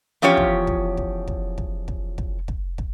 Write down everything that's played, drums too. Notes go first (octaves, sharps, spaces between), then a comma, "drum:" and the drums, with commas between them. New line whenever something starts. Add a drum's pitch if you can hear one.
E2 F3 C#4 F4 G4 C#5
drum: kick
drum: kick
drum: kick
drum: kick
drum: kick
drum: kick
drum: kick
drum: kick
drum: kick